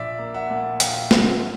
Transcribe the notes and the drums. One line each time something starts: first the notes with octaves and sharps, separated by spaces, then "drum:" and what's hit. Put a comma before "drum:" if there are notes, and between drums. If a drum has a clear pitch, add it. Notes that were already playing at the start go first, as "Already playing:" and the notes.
Already playing: A#1 D5 E5
A#3
E5 F#5
A#2
A#1 F5 G5, drum: hi-hat
A#1, drum: snare